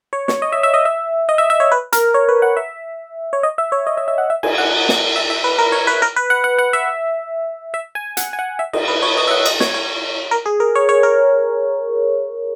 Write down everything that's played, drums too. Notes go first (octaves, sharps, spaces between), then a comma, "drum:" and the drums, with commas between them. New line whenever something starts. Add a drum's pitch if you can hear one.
C#5
C#5, drum: snare
D#5
E5
E5
D#5
E5
D#5
E5
E5
C#5
B4
A#4, drum: hi-hat
C#5
B4
F#5
E5
C#5
D#5
E5
C#5
D#5
E5
E5
F#5
E5
G#5, drum: cymbal
F#5
drum: snare
E5
E5
B4
A#4
C#5
B4
A#4
B4
F#5
F#5
F#5
E5
E5
G#5
F#5, drum: hi-hat
G#5
F#5
E5
D#5, drum: cymbal
B4
C#5
D#5
E5
F#5
D#5, drum: cymbal
C#5, drum: snare
C#5
A#4
G#4
A#4
C#5
C#5
A#4